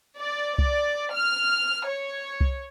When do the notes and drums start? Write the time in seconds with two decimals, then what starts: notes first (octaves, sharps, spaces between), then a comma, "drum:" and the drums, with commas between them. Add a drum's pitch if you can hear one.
0.19 D5
0.58 D5, drum: kick C2
1.14 F6
1.89 C#5
2.41 drum: kick C2